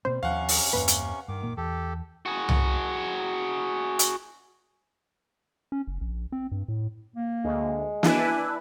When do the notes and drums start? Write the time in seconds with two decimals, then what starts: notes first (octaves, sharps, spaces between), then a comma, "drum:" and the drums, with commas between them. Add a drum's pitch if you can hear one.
0.05 B2 G3 A#3 C4 C5
0.23 D#2 C3 F3 C#4 F5 F#5 C#6
0.48 drum: open hi-hat
0.73 E2 G2 A#3 B4
0.88 drum: hi-hat
1.28 G2 D#3 D6
1.42 F#1 A#2 A#3
1.57 E2 G4 A4
2.26 F#4 G#4
2.49 drum: tom C2
3.99 drum: hi-hat
5.72 C#4
5.87 F#1
6.01 A#1
6.32 C4
6.52 G2
6.68 A2
7.16 A#3
7.44 D2 G#3
8.03 D4 E4 B4 G#5, drum: snare